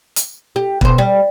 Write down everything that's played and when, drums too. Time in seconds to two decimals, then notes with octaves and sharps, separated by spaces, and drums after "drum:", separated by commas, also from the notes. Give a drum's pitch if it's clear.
0.16 drum: hi-hat
0.56 G4
0.81 B2 C5, drum: kick
0.98 G3